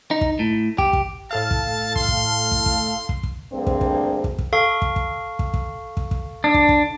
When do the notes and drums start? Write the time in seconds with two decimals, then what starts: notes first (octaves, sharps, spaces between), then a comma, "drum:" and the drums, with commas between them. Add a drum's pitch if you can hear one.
0.11 D#4
0.21 drum: kick
0.39 A2
0.78 G4, drum: kick
0.93 drum: kick
1.31 A2 A4 F5 A5
1.51 drum: kick
1.96 C6, drum: kick
2.08 drum: kick
2.52 drum: kick
2.66 drum: kick
3.09 drum: kick
3.23 drum: kick
3.52 D2 G2 A#3 C4 G#4 C5
3.67 drum: kick
3.81 drum: kick
4.24 drum: kick
4.39 drum: kick
4.53 A4 F5 C#6
4.82 drum: kick
4.96 drum: kick
5.39 drum: kick
5.54 drum: kick
5.97 drum: kick
6.11 drum: kick
6.44 D4
6.54 drum: kick
6.69 drum: kick